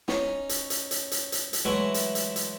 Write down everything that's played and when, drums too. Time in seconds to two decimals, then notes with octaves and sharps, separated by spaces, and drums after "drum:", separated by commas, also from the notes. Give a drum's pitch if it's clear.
0.08 C#4 D#4, drum: snare
0.49 drum: hi-hat
0.70 drum: hi-hat
0.91 drum: hi-hat
1.11 drum: hi-hat
1.32 drum: hi-hat
1.53 drum: hi-hat
1.65 E3 F#3 G#3 A3 E4
1.94 drum: hi-hat
2.15 drum: hi-hat
2.36 drum: hi-hat